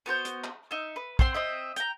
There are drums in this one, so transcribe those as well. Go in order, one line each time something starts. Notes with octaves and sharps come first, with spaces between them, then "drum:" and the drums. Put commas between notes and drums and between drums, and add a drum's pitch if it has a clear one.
B3 F#4 C5 G6
drum: hi-hat
drum: clap
D#4 E5
B4
C4 C5 F#5 C6, drum: kick
C4 D#5 E5
G5 A#5, drum: hi-hat